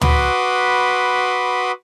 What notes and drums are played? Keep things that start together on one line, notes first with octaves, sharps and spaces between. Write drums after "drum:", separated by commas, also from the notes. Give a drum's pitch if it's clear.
F#4 B4 B5 C6 D6 D#6, drum: tom